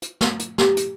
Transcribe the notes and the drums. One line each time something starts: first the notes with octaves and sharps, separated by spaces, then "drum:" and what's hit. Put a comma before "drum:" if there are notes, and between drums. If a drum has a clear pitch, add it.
drum: hi-hat
drum: snare
drum: hi-hat
G4, drum: snare
drum: hi-hat